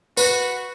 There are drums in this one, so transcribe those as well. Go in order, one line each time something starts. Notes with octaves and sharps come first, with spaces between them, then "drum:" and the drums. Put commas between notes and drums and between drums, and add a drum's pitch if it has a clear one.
F#4 B4, drum: tambourine